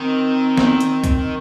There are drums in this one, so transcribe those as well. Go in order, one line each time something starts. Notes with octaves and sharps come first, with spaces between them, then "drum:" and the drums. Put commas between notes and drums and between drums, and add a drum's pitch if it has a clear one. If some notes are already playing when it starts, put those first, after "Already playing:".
Already playing: D#3 C4
drum: snare
drum: hi-hat
drum: kick C2, hi-hat